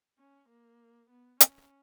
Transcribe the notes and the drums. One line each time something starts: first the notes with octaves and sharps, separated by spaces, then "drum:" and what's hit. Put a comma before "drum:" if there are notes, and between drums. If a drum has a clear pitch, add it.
C#4
A#3
B3
C#4, drum: hi-hat